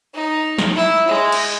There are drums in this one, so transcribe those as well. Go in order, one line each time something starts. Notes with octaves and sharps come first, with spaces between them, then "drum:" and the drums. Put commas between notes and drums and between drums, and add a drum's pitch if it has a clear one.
D#4
drum: snare
E4
G#3
drum: cymbal